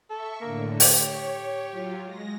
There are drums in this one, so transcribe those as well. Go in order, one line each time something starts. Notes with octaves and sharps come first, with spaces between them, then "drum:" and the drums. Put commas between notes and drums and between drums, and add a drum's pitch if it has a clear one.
A4 E5 C#6
A2 D3 A#3
G4 C#5, drum: open hi-hat
F#3 F4
G#3 A#6